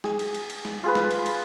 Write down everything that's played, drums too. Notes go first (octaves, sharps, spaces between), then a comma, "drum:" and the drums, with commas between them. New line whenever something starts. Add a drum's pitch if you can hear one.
G#4, drum: snare
drum: cymbal
drum: cymbal
drum: cymbal
drum: snare
F4 G#4 B4
drum: snare
drum: cymbal
drum: cymbal